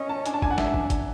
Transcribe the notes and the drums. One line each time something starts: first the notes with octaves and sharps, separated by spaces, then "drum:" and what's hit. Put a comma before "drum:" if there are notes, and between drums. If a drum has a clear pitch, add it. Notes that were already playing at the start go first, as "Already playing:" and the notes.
Already playing: C#4 D#5
A5
D4 G#5, drum: hi-hat
A5
G#5, drum: kick
F#5
E5, drum: snare
drum: kick
drum: kick, hi-hat